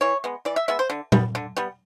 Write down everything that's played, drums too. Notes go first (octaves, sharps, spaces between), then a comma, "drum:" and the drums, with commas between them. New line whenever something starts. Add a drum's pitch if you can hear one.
E3 C#5
G#3 B3
E3 D5
E5
G#3 B3 E5
C5
D3
G3 B3, drum: tom A#2
D3
G3 B3